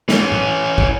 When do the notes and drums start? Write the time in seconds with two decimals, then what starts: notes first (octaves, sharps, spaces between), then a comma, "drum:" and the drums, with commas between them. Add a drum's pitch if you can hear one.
0.09 E3 C#4, drum: snare
0.32 drum: tom A2
0.78 drum: kick